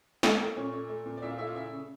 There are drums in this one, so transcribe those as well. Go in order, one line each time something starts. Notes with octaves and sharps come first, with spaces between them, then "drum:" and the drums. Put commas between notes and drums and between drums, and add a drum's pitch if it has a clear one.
A3 A4, drum: snare
A3 A#3 A#4
A#2 C#4 C#5
A3
A3
A#2
D5
A#2 E4 E5
F4 F5
A3 E4 E5
F4 F5
C#3 E4 E5
C#3